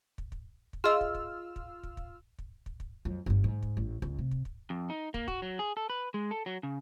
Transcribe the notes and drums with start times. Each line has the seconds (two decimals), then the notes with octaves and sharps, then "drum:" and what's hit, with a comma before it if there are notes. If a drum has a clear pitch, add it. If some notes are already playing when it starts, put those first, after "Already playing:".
0.18 drum: kick
0.32 drum: kick
0.73 drum: kick
0.84 F4 G#4 D#5 E6 F6
1.01 drum: kick
1.15 drum: kick
1.56 drum: kick
1.83 drum: kick
1.97 drum: kick
2.39 drum: kick
2.66 drum: kick
2.80 drum: kick
3.05 F2 F#3
3.26 G1 G2
3.44 G#2
3.63 drum: kick
3.77 A1
4.02 C#2, drum: kick
4.19 C3
4.31 drum: kick
4.45 drum: kick
4.70 F2
4.90 D#4
5.14 A#3, drum: kick
5.28 F#4, drum: kick
5.42 F#3
5.59 G#4
5.77 A4
5.90 B4
6.14 G#3
6.31 A4
6.46 F#3
6.63 C#3